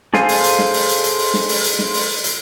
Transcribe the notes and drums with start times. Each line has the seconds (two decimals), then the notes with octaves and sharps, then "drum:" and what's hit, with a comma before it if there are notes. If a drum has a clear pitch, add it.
0.14 G#4 A4 C5 F5 G#5, drum: snare
0.29 drum: open hi-hat
0.44 drum: hi-hat
0.59 drum: snare
0.74 drum: open hi-hat
0.89 drum: hi-hat
1.04 drum: hi-hat
1.19 drum: open hi-hat
1.34 drum: snare
1.49 drum: open hi-hat
1.64 drum: hi-hat
1.79 drum: snare
1.94 drum: open hi-hat
2.24 drum: hi-hat